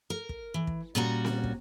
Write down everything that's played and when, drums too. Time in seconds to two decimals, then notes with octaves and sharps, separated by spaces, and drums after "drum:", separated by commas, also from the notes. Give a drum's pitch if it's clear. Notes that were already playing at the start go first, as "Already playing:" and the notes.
0.10 A#4
0.29 drum: kick
0.54 E3
0.67 drum: kick
0.95 A#2 G3 C#4 F#4 A#5
1.25 drum: snare C4
1.44 drum: kick